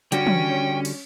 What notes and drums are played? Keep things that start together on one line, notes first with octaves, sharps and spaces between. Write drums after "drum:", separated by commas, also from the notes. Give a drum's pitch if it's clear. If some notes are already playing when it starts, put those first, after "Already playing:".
D3 G3 C#4 F#4 G5, drum: hi-hat
drum: tom
drum: cymbal